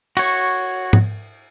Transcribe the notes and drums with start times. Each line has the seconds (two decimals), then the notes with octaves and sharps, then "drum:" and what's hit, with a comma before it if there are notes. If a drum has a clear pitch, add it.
0.17 F#4 C#5, drum: cymbal
0.93 drum: tom